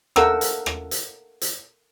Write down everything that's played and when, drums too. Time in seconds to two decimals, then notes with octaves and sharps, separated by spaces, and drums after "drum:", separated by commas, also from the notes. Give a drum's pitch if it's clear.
0.16 A4 A#4 F#5 G5 A#5 E6, drum: rim click
0.41 drum: hi-hat
0.66 drum: rim click
0.91 drum: hi-hat
1.41 drum: hi-hat